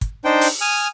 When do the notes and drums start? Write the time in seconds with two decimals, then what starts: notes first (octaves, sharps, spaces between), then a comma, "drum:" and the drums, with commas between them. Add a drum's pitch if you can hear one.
0.01 drum: kick, hi-hat
0.25 D4 D#4 C5 G5
0.41 drum: open hi-hat
0.61 G#5 D#6 F6